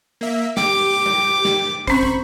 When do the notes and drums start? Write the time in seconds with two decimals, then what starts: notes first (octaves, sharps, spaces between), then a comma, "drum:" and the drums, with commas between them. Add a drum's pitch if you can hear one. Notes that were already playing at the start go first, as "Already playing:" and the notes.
0.21 A#3 E5
0.57 G4 D6, drum: snare
1.06 drum: tom G3
1.45 drum: snare
1.87 C4 C#4 C5 B5 C#6, drum: kick
2.03 drum: kick